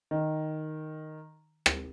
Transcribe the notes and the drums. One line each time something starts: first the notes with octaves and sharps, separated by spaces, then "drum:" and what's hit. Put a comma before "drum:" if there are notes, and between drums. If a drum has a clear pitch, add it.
D#3
drum: rim click